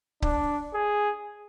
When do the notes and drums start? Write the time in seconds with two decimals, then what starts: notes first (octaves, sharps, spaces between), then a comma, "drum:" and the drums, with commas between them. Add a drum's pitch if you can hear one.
0.22 D4, drum: kick C#1
0.74 G#4